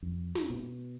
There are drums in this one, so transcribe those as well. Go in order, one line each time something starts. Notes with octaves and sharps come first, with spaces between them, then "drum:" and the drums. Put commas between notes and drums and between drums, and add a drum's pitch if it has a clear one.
F2
drum: snare
B2